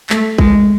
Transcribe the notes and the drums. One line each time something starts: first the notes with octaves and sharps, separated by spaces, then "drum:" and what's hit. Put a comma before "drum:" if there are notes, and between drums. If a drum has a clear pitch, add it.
A3, drum: clap
G#3, drum: kick A#1